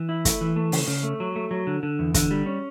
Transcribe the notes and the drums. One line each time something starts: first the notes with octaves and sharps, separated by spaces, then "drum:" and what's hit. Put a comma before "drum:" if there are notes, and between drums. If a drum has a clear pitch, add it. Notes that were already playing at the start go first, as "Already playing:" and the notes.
Already playing: E3
E4
A3, drum: kick, hi-hat
E3
A3
C#3, drum: open hi-hat
C#3
A3
F#3
A3
F#3
D3
D3
E2
D3, drum: kick, hi-hat
G3
C#4